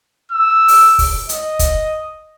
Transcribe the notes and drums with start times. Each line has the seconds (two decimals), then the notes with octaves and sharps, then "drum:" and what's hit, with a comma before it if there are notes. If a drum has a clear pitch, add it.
0.32 E6
0.68 drum: open hi-hat
0.99 drum: kick, open hi-hat
1.29 D#5, drum: hi-hat
1.59 drum: kick, hi-hat